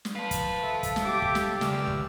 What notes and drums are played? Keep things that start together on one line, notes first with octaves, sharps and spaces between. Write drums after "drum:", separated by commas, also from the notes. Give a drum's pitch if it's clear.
drum: snare
B4 F5 A5
drum: kick, hi-hat
A4 E5
drum: kick, hi-hat
drum: snare
G4 D6
drum: kick
drum: snare
C#2 D5 E6 F6, drum: snare
drum: kick